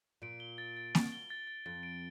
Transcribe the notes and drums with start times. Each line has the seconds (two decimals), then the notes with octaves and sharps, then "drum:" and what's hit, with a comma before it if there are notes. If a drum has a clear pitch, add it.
0.22 A#2 D7
0.40 G7
0.58 A6
0.77 A6
0.95 D7, drum: snare A#3
1.12 G7
1.30 A6
1.47 A6
1.66 F2 A6
1.83 D7